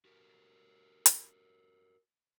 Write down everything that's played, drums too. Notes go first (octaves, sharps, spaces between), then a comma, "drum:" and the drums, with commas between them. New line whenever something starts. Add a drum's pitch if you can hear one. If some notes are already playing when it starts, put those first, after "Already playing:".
F#4 G4 A#4
drum: hi-hat